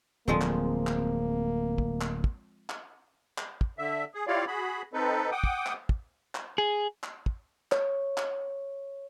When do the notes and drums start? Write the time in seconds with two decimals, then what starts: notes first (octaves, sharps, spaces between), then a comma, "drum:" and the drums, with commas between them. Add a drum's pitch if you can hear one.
0.28 D1 F3 G#3 A#3 C4
0.41 drum: clap
0.87 drum: clap
1.78 drum: kick
2.01 drum: clap
2.24 drum: kick
2.70 drum: clap
3.38 drum: clap
3.61 drum: kick
3.78 D3 E5
4.14 G#4
4.27 E4 F4 G4 C#5 D5 F5
4.47 F#4 G#4 B5
4.93 C4 D#4 A4 B4
5.32 F#5 G5 D6 D#6
5.44 drum: kick
5.66 drum: clap
5.89 drum: kick
6.35 drum: clap
6.58 G#4
7.03 drum: clap
7.26 drum: kick
7.72 C#5, drum: clap
8.18 drum: clap